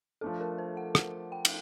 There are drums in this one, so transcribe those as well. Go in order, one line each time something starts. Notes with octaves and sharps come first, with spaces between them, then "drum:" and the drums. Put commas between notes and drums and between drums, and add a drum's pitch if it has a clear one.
F3 A3 D4 A4
A#4
C5
F#5
F#5, drum: rim click
G5
drum: cymbal